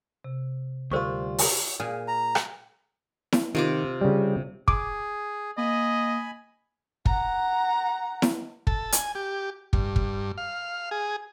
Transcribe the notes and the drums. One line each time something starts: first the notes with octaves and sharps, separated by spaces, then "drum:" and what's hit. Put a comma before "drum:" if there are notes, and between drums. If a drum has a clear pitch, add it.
C3
D2 G3 F4 A#4 C5 C#6
drum: open hi-hat
A#2 G#4 G#5
A#5
drum: rim click
drum: snare E4
C3 D#3 F4 D6
C#3 G3
G#4 D6, drum: kick
A#3 D#5 G#5 B5
F#5 A#5, drum: kick
drum: snare E4
A4, drum: kick
G#5, drum: hi-hat
G4
G2, drum: kick
drum: kick
F5
G#4